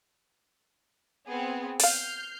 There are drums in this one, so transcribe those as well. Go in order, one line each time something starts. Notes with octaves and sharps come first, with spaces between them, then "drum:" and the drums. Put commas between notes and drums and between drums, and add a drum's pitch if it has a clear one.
B3 C4 G#4
D5 F5 F6 G6 C7, drum: open hi-hat